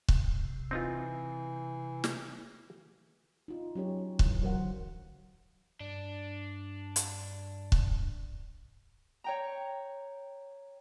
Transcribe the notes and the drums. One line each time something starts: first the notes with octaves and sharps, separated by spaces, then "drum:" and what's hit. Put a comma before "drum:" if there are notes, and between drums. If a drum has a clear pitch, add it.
C3, drum: kick C#1
E3 C4 D#4 F4
drum: snare
D#4 F4
F#3 C#4 G4 C#5
E3, drum: kick C#1
F#3 A#4 C5 F5 F#5
D3
G2 D4
drum: hi-hat
drum: kick C#1
C#5 G5 A#5